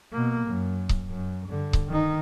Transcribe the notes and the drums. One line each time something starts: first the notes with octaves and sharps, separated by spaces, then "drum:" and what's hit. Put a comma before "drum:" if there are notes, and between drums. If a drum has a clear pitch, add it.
B2 A#3
F#2
drum: kick C#1
F#2
G2 D3
drum: kick C#1
D#3 D#4